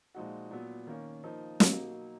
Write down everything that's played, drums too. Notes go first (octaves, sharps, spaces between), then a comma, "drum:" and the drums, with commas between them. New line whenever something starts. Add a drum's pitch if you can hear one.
A#2 F3 G#3 D#4 F#4
A#2 F#3 B3
D#3 A#3 C#4
F3 A#3 D#4
B2 F#3 A#3 D#4, drum: snare